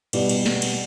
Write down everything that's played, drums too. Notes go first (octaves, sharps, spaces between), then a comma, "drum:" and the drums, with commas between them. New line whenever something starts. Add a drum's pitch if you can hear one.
B2 G3 B3 D5, drum: cymbal
drum: cymbal
drum: snare
drum: cymbal